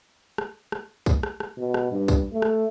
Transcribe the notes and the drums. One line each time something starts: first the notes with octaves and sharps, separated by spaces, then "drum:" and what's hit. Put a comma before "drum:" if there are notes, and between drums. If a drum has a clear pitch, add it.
drum: rim click
drum: rim click
drum: kick, tambourine
drum: rim click
drum: rim click
B2
drum: rim click
G2
drum: kick, tambourine
A3
drum: rim click